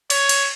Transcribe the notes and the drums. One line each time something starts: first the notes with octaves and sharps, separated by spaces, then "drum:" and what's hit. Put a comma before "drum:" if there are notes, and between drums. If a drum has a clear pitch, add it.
C#5, drum: cymbal
drum: cymbal